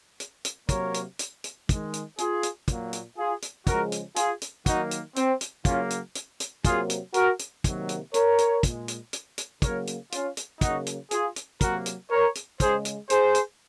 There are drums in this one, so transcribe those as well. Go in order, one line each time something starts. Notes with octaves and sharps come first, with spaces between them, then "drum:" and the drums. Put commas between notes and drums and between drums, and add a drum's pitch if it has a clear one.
drum: hi-hat
drum: hi-hat
C3 F#3 A#3 A#4 C#5, drum: kick, hi-hat
drum: hi-hat
drum: hi-hat
drum: hi-hat
D#3 G#3, drum: kick, hi-hat
drum: hi-hat
F4 G#4, drum: hi-hat
drum: hi-hat
A#2 F#3 A#3, drum: kick, hi-hat
drum: hi-hat
F4 G#4
drum: hi-hat
C#3 F3 G#3 F#4 A#4, drum: kick, hi-hat
drum: hi-hat
F4 G#4, drum: hi-hat
drum: hi-hat
D#3 F#3 A#3 D#4 F#4, drum: kick, hi-hat
drum: hi-hat
C4, drum: hi-hat
drum: hi-hat
C#3 F#3 A#3 C#4 F4, drum: kick, hi-hat
drum: hi-hat
drum: hi-hat
drum: hi-hat
C3 F#3 A#3 F4 G#4, drum: kick, hi-hat
drum: hi-hat
F#4 A#4, drum: hi-hat
drum: hi-hat
C3 D#3 F#3 A#3, drum: kick, hi-hat
drum: hi-hat
A#4 C#5, drum: hi-hat
drum: hi-hat
A#2 G#3, drum: kick, hi-hat
drum: hi-hat
drum: hi-hat
drum: hi-hat
C#3 F#3 A#3 A#4 C#5, drum: kick, hi-hat
drum: hi-hat
C#4 F4, drum: hi-hat
drum: hi-hat
C#3 F#3 A#3 D#4 F#4, drum: kick, hi-hat
drum: hi-hat
F4 G#4, drum: hi-hat
drum: hi-hat
C3 F#3 A#3 F#4 A#4, drum: kick, hi-hat
drum: hi-hat
A#4 C#5
drum: hi-hat
C#3 G#3 G#4 C5, drum: kick, hi-hat
drum: hi-hat
G#4 C5, drum: hi-hat
drum: hi-hat